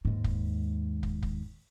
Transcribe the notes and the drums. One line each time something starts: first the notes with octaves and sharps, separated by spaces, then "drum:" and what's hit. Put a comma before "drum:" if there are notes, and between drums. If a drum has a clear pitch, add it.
D#2 G#2
drum: kick
drum: kick
drum: kick